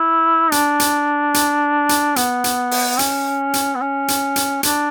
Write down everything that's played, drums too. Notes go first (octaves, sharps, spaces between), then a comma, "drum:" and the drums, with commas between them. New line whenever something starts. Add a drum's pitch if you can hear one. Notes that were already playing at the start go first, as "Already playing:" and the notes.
Already playing: E4
D4, drum: hi-hat
drum: hi-hat
drum: hi-hat
drum: hi-hat
B3, drum: hi-hat
drum: hi-hat
drum: open hi-hat
C#4, drum: hi-hat
drum: hi-hat
B3
C#4
drum: hi-hat
drum: hi-hat
D4, drum: hi-hat